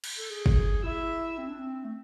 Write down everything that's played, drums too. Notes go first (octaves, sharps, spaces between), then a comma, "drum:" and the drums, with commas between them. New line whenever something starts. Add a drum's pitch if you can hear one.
drum: cymbal
A4
G#4
drum: kick
E4 E5
C4
D4
C4
A3